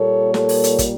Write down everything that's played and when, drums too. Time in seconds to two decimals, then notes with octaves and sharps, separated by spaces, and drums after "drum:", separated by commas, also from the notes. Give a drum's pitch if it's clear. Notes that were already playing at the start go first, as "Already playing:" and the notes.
Already playing: A#2 G3 A#3 A4 C#5
0.34 A4 C#5, drum: snare
0.49 drum: open hi-hat
0.64 drum: hi-hat
0.79 drum: kick, hi-hat